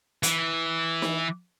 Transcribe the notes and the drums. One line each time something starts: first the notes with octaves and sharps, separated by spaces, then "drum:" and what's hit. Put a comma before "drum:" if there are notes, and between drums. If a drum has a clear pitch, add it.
E3, drum: hi-hat
drum: snare